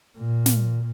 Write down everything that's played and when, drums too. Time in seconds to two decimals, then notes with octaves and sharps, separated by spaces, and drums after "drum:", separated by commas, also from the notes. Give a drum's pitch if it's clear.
0.18 A#2
0.46 drum: snare